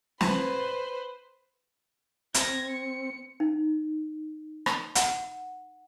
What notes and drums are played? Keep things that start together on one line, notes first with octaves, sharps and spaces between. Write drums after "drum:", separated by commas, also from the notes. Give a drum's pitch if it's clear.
B4 C5, drum: snare
C4 G#6 A#6, drum: hi-hat
C#7
D#4
drum: rim click
F#5, drum: hi-hat